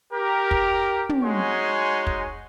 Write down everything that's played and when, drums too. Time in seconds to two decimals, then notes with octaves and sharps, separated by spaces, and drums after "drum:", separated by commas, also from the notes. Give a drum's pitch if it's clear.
0.12 G4 A#4
0.51 drum: kick
1.09 drum: tom
1.23 G#3 D#4 F#4 C#5 G#5 C6
2.07 drum: kick